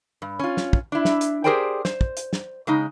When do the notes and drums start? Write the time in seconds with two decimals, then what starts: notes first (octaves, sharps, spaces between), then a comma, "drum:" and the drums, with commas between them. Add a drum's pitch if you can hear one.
0.22 G2
0.39 C#4 F4
0.57 drum: snare
0.73 drum: kick
0.92 D4 E4
1.05 drum: snare
1.21 drum: hi-hat
1.44 G4 G#4 A#4 C5 D5 G5
1.85 C5, drum: snare
2.01 drum: kick
2.17 drum: hi-hat
2.33 drum: snare
2.67 C#3 G#3 D#4